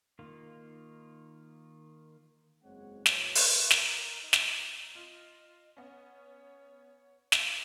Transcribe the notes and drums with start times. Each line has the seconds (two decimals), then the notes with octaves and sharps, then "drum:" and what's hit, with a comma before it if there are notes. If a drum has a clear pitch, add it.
0.19 D#3 A#3 F4
2.63 F#1 E2 G#3 C4 C#5 F#5
3.06 A2 F#3 B4 C#5 G#5, drum: snare
3.35 drum: open hi-hat
3.71 A#4, drum: snare
4.22 D#4
4.33 drum: snare
4.95 F4 D#5
5.77 B3 C#4 C#5
7.32 E5 F5, drum: snare